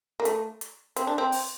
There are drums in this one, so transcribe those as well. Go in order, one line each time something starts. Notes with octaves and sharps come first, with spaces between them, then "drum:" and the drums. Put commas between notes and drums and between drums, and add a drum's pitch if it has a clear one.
A#3
A3, drum: hi-hat
drum: hi-hat
C4, drum: hi-hat
D4
C4
drum: open hi-hat